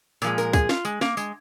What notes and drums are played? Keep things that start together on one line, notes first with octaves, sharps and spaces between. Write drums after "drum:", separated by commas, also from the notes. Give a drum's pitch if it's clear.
A#2 F3 G#3, drum: tambourine
A#4, drum: tambourine
G#4, drum: kick, tambourine
F4, drum: snare
G#3, drum: tambourine
A#3, drum: snare
G#3, drum: tambourine